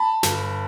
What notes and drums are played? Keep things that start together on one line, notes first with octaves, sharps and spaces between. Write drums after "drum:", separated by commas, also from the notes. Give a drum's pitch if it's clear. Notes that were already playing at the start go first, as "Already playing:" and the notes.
Already playing: A5 B5
G1, drum: snare